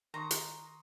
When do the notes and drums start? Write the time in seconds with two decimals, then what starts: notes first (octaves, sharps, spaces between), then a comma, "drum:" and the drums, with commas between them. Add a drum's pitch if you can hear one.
0.14 D#3 A#5 C6 C#6 D#6
0.31 drum: hi-hat